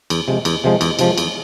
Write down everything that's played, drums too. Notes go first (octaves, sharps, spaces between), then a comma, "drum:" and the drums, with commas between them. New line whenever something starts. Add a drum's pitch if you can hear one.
E2, drum: cymbal
C3 F3 G#3
E2, drum: cymbal
C3 F3 G#3
E2, drum: cymbal
C3 F3 G#3, drum: cymbal
E2, drum: cymbal